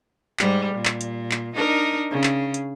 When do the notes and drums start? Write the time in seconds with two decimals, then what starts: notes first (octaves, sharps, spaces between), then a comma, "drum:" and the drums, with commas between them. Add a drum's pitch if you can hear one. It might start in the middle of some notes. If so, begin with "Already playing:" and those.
0.39 G#2 G3, drum: clap
0.74 A#2
0.85 drum: clap
1.01 drum: hi-hat
1.31 drum: clap
1.54 D4 D#4 A#4
2.11 C#3
2.23 drum: clap
2.54 drum: hi-hat